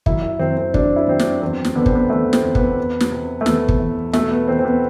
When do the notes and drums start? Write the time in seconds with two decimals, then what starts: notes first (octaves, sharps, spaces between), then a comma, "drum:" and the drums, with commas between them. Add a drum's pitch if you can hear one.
0.06 F#2 E4, drum: kick
0.22 E4
0.39 F#2 C4
0.57 C4
0.74 F#2 D4, drum: kick
0.96 E4
1.08 F#2 C4
1.19 D4, drum: snare
1.41 E2 C4
1.65 drum: snare
1.75 D3 B3
1.86 C4, drum: kick
1.95 B3
2.10 E2 A3
2.33 C4, drum: snare
2.44 E2
2.55 B3, drum: kick
2.77 E2
3.00 drum: snare
3.12 C3
3.41 A3
3.46 E2 B3, drum: snare
3.68 drum: kick
3.80 E3
4.13 B2 A3, drum: snare
4.31 B3
4.48 E2 C4
4.59 C4
4.65 B3